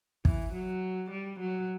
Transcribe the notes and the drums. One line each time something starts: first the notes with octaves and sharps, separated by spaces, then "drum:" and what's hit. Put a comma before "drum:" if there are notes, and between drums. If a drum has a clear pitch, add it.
E3, drum: kick
F#3
G3
F#3